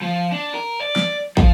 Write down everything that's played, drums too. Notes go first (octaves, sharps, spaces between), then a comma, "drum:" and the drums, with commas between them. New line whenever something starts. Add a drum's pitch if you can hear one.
F3
D4
A#4
D5
drum: snare
F3, drum: kick